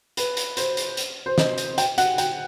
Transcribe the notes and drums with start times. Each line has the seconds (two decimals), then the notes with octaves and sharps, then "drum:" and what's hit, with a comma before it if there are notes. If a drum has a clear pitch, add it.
0.17 B4, drum: hi-hat
0.37 drum: hi-hat
0.57 C5, drum: hi-hat
0.77 drum: hi-hat
0.97 drum: hi-hat
1.26 C5
1.38 D#5, drum: snare
1.58 drum: hi-hat
1.78 G5, drum: hi-hat
1.98 F#5, drum: hi-hat
2.18 G5, drum: hi-hat